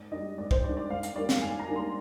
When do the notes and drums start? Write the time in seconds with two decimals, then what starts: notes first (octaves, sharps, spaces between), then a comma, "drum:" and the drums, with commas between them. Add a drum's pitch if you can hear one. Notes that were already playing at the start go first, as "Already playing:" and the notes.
Already playing: G#2 D5
0.12 G3 D4 D#5
0.38 G#2 D5
0.51 C5, drum: kick
0.63 G3 D5
0.69 D4
0.77 D5
0.90 G#2 F5
1.03 F5, drum: hi-hat
1.16 G3 A#3 D4 D5
1.29 F5, drum: snare
1.42 G#2 G#5
1.59 A#5
1.68 G3 A#3 D4
1.76 C6